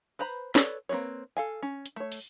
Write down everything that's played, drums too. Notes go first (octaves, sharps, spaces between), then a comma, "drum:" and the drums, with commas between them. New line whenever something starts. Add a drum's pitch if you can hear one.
B4 C5 A#5 B5
A4 B4 C#5 D5, drum: snare
A#3 C4 A4 B4 C#5
A4 F5 G#5
C#4
drum: hi-hat
A3 C#5
drum: open hi-hat